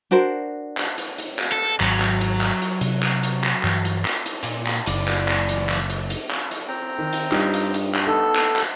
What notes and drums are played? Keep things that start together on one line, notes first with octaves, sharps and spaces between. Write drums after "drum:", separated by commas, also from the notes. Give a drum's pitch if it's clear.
D4 F#4 A#4 C5
drum: clap
drum: hi-hat
drum: hi-hat
drum: clap
A4
G#1 G#2 F#3, drum: clap
drum: clap
drum: hi-hat
drum: clap
drum: hi-hat
C3, drum: hi-hat
drum: clap
drum: hi-hat
drum: clap
G2 E3, drum: clap
drum: hi-hat
drum: clap
drum: hi-hat
A#2, drum: hi-hat
drum: clap
F#1 E3 D5, drum: hi-hat
drum: clap
drum: clap
drum: hi-hat
drum: clap
drum: hi-hat
drum: hi-hat
drum: clap
drum: hi-hat
C4 G5 A#5
D#3
drum: hi-hat
G2 G3 D#4 F4, drum: clap
drum: hi-hat
drum: hi-hat
drum: clap
B3 D#4 A4
drum: clap
drum: clap